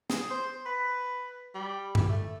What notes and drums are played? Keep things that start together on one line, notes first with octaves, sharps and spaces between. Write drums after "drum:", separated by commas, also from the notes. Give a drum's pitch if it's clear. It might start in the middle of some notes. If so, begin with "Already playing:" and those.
G#4, drum: snare
C5
B4
G3
drum: tom G2
A3